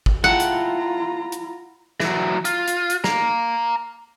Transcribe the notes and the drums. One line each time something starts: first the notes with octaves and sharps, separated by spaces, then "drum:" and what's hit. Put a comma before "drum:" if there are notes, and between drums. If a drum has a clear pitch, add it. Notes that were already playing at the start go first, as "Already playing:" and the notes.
drum: kick
E4 F4 F#5 G5 A5 A#5
drum: hi-hat
drum: hi-hat
E3 F#3, drum: snare
F4, drum: hi-hat
drum: hi-hat
drum: hi-hat
F5 A#5, drum: snare